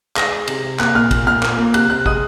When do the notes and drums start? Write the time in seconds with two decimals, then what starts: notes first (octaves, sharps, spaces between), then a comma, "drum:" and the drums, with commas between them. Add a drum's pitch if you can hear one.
0.16 G#3 A#6, drum: clap
0.32 G#3
0.48 C3, drum: cymbal
0.64 C3
0.79 A#3 F#6, drum: clap
0.95 A#2 F6
1.11 A#2, drum: kick, cymbal
1.27 A#2 F6
1.43 A#3, drum: clap
1.58 A#3
1.74 C3 F#6, drum: cymbal
1.90 C3 F#6
2.06 G#3 D#6, drum: kick